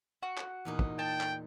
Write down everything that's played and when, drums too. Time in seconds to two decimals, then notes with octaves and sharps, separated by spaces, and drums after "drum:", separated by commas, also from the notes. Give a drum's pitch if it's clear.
0.23 F#4
0.37 drum: clap
0.65 E2 A#2 D#4
0.79 drum: kick
0.99 G5 A5
1.21 drum: clap